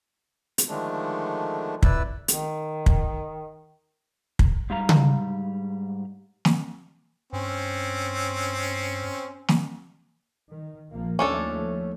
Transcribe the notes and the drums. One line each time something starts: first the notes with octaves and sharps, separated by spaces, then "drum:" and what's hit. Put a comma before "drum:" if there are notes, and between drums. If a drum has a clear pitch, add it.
drum: hi-hat
D3 D#3 F3 G#3 A3 D4
F2 E4 B4 D5 E6, drum: kick
D#3, drum: hi-hat
drum: kick
drum: kick
G#2 G3 F5 A#5
drum: tom C#3
drum: snare
G2 C4 C#4
drum: snare
D#3
A#1 F3 A#3
D#2 F3 A3 C#4 D4 A4